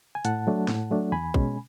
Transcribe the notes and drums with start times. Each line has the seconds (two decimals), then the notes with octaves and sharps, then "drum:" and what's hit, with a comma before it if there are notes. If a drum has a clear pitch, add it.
0.15 G#5
0.25 A2 F#5 A5, drum: hi-hat
0.47 F#3 A3 D4
0.68 A2, drum: snare
0.91 F#3 A3 D4
1.12 E2 G#5 B5
1.34 B2 G#3 C#4, drum: kick A1